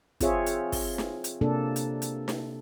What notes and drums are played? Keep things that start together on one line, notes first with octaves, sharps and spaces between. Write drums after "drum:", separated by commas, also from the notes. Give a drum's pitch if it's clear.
C4 F4 G#4 C#5 E5, drum: kick, hi-hat
drum: hi-hat
drum: kick, open hi-hat
drum: snare
drum: hi-hat
C3 A#3 D4 A4
drum: hi-hat
drum: hi-hat
drum: snare